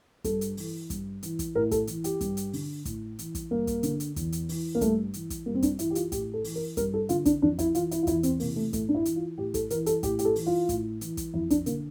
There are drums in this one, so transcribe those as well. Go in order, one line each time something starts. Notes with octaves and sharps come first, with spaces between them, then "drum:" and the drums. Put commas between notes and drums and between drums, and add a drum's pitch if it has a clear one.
G2 A4, drum: kick, hi-hat
drum: hi-hat
E3, drum: open hi-hat
G2, drum: kick, hi-hat
E3, drum: hi-hat
drum: kick, hi-hat
A2 A#4
A4, drum: kick, hi-hat
E3, drum: hi-hat
G4, drum: hi-hat
G2, drum: kick, hi-hat
drum: hi-hat
D3, drum: open hi-hat
A2, drum: kick, hi-hat
E3, drum: hi-hat
drum: kick, hi-hat
G2 A#3
drum: kick, hi-hat
D3, drum: hi-hat
drum: hi-hat
E2, drum: kick, hi-hat
drum: hi-hat
E3, drum: open hi-hat
A#3
G2 A3, drum: kick, hi-hat
E3, drum: hi-hat
drum: kick, hi-hat
G2 A#3
C4
D4, drum: kick, hi-hat
E3 E4, drum: hi-hat
G4
F4, drum: hi-hat
A2 G4, drum: kick, hi-hat
A4
E3, drum: open hi-hat
A#4
G2 A#4, drum: kick, hi-hat
A4
D3 F4, drum: hi-hat
D4, drum: kick, hi-hat
F2 D4
E4, drum: kick, hi-hat
E3 F4, drum: hi-hat
E4, drum: hi-hat
F4
E2 E4, drum: kick, hi-hat
C4, drum: hi-hat
C3 E3 A#3, drum: open hi-hat
A3
A2 A3, drum: kick, hi-hat
D4
E4
E3, drum: hi-hat
F4
A2 G4
A4, drum: kick, hi-hat
E3 A#4, drum: hi-hat
A4, drum: hi-hat
A2 G4, drum: kick, hi-hat
G4, drum: hi-hat
A4
E3, drum: open hi-hat
F4
A2, drum: kick, hi-hat
E3, drum: hi-hat
drum: kick, hi-hat
F2 E4
D4, drum: kick, hi-hat
D3 A#3, drum: hi-hat